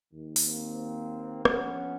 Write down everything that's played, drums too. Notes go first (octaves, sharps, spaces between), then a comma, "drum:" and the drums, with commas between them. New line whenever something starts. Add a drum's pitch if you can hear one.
D#2 D#3
drum: open hi-hat
A#3 C4
A#1 A#2 F3 B3 C#4, drum: rim click